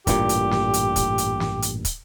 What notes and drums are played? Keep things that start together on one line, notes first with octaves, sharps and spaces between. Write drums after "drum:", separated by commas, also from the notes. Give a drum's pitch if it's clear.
A1 G2 A#2 G4, drum: kick, hi-hat
drum: hi-hat
drum: snare
drum: hi-hat
drum: kick, hi-hat
drum: hi-hat
drum: snare
drum: hi-hat
drum: kick, hi-hat